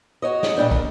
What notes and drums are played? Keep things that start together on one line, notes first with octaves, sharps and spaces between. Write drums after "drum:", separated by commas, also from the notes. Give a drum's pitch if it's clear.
F#4 C#5 D#5
drum: snare
A#2 G3 D4 G5
A#4, drum: kick